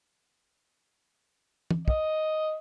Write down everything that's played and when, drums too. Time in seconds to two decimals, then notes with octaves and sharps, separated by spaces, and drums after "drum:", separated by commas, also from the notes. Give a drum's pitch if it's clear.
1.71 drum: tom
1.88 D#5, drum: kick